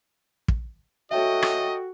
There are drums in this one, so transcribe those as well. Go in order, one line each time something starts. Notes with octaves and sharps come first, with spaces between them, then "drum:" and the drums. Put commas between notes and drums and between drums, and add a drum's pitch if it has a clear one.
drum: kick
F#4 A4 C#5 D#5 E5 G5
drum: rim click